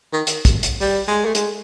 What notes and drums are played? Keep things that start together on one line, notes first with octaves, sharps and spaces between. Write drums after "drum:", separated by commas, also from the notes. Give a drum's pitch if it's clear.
D#3
drum: hi-hat
drum: kick, hi-hat
drum: hi-hat
G3, drum: open hi-hat
G#3
A3
G#3, drum: hi-hat